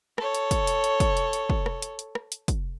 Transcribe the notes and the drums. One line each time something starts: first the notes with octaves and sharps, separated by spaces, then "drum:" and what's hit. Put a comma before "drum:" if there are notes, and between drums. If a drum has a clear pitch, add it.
A4 C#5, drum: rim click
drum: hi-hat
drum: kick, hi-hat
drum: hi-hat
drum: hi-hat
drum: kick, hi-hat
drum: hi-hat
drum: hi-hat
drum: kick
drum: rim click
drum: hi-hat
drum: hi-hat
drum: rim click
drum: hi-hat
drum: kick, hi-hat